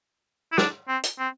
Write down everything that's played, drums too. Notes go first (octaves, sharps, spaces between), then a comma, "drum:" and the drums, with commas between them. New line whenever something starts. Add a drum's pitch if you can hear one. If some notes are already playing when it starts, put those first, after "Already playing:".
E4
D4, drum: snare
C4
drum: hi-hat
C4